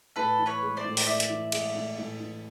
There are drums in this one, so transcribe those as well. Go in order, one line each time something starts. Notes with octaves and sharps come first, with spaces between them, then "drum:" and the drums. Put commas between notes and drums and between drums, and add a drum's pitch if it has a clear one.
A2 A4 B4
E3
B4 C#5
G#3
C5 D5
A2
drum: open hi-hat
A2 D5 E5
drum: hi-hat
E3
G#3, drum: cymbal
A2
A2
E3